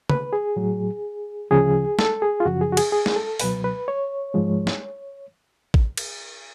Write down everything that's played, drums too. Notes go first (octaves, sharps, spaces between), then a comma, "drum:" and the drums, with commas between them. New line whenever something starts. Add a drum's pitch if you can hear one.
B4, drum: tom C#3
G#4
A2 F#3
D2 C#3 F3 G#4
A4, drum: snare
G#4
F4
F#2 C#3 F3 F#4
G#4
F#4
G#4, drum: cymbal
G#4
drum: snare
A4
C#2 B2 F#3 B4, drum: open hi-hat
B4
C#5
G#2 F3 G#3
drum: snare
drum: kick A1
drum: cymbal